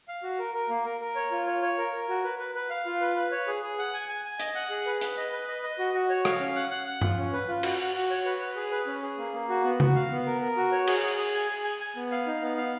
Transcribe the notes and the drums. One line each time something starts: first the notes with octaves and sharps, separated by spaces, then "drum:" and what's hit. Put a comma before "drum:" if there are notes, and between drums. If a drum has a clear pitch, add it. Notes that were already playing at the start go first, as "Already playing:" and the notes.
F5
F#4
A#4
A#4
A#3
A#4
A#4
C#5
F4
C#5
C#5
A#4
A#4
F#4
B4
B4
B4
F5
F4
B4
B4
C#5
G#4
G#4
F#5
G#5
G#5
G#5
D#5, drum: hi-hat
F#5
G#4
B4
B4, drum: hi-hat
D#5
B4
D#5
D#5
F#4
F#4
C#5
F5, drum: rim click
C#4
F#5
F#5
F#5
F4, drum: tom G2
C#4
B4
F4
F#4, drum: cymbal
F#4
F#4
C#5
B4
B4
G#4
B4
C#4
G#4
A#3
A#3
F#4
B3
F#4, drum: tom C#3
F5
B3
A#4
A#4
F#4
C#5
G#4, drum: cymbal
G#4
G#4
G#5
G#4
G#5
G#5
B3
F5
D#4
B3
F5